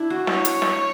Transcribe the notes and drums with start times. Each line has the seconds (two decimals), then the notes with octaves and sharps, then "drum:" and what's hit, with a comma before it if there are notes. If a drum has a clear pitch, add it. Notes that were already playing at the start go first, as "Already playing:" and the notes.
Already playing: D4 E4
0.10 F#4
0.27 C#5, drum: snare
0.45 drum: hi-hat
0.62 drum: snare